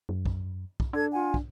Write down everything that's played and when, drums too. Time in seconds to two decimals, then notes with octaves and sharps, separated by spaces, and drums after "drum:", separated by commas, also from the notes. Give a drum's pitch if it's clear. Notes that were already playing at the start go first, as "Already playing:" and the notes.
0.09 F#2
0.26 drum: kick
0.80 drum: kick
0.93 D4 A4 G#6
1.13 F4 F#5 G#5
1.34 drum: kick